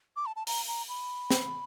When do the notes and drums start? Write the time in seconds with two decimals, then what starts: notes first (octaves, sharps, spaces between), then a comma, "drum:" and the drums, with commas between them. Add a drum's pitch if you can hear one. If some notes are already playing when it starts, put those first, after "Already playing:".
0.16 D6
0.26 A5
0.36 A5
0.47 A#5, drum: open hi-hat
0.68 A#5
0.89 B5
1.30 drum: snare